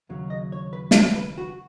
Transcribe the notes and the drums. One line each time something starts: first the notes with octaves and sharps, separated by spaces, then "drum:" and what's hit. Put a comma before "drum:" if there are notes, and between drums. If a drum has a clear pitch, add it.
D#2 C#3 F#3
D#5
C#5
B4
drum: snare
B4
F#4